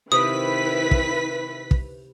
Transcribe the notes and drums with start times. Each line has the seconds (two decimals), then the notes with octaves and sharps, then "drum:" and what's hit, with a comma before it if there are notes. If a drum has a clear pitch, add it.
0.12 C3 D#3 E4 B4 F5 G5 D#6 B6
0.91 drum: kick
1.71 drum: kick